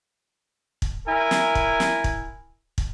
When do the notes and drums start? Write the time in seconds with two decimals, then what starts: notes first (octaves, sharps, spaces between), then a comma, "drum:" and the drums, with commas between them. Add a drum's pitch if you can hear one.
0.82 drum: kick
1.06 E4 A#4 G#5
1.31 drum: snare
1.55 drum: kick
1.80 drum: snare
2.04 drum: kick
2.78 drum: kick